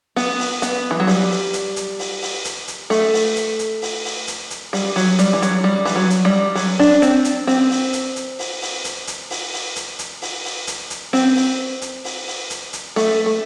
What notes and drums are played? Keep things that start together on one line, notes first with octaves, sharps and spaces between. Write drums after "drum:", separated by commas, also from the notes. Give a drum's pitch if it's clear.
B3, drum: open hi-hat
drum: open hi-hat
B3, drum: hi-hat
E3
F#3
G3, drum: open hi-hat
drum: open hi-hat
drum: hi-hat
drum: hi-hat
drum: open hi-hat
drum: open hi-hat
drum: hi-hat
drum: hi-hat
A3, drum: open hi-hat
drum: open hi-hat
drum: hi-hat
drum: hi-hat
drum: open hi-hat
drum: open hi-hat
drum: hi-hat
drum: hi-hat
G3, drum: open hi-hat
F#3, drum: open hi-hat
G3, drum: hi-hat
E3
F#3, drum: hi-hat
G3
E3, drum: open hi-hat
F#3
drum: hi-hat
G3
F#3, drum: open hi-hat
D4, drum: open hi-hat
C4, drum: hi-hat
drum: hi-hat
C4, drum: open hi-hat
drum: open hi-hat
drum: hi-hat
drum: hi-hat
drum: open hi-hat
drum: open hi-hat
drum: hi-hat
drum: hi-hat
drum: open hi-hat
drum: open hi-hat
drum: hi-hat
drum: hi-hat
drum: open hi-hat
drum: open hi-hat
drum: hi-hat
drum: hi-hat
C4, drum: open hi-hat
drum: open hi-hat
drum: hi-hat
drum: open hi-hat
drum: open hi-hat
drum: hi-hat
drum: hi-hat
A3, drum: open hi-hat
A3